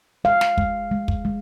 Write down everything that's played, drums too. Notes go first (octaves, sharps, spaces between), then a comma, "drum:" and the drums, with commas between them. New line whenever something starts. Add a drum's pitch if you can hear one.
G#3 F5
drum: snare
G#3, drum: kick
G#3
drum: kick
G#3